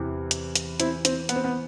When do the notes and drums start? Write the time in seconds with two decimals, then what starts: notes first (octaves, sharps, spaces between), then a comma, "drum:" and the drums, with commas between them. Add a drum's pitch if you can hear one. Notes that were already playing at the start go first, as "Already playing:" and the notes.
Already playing: E2 C3 E3
0.31 drum: hi-hat
0.55 drum: hi-hat
0.80 C4 E4, drum: hi-hat
1.05 C4, drum: hi-hat
1.29 B3, drum: hi-hat
1.36 C4
1.44 B3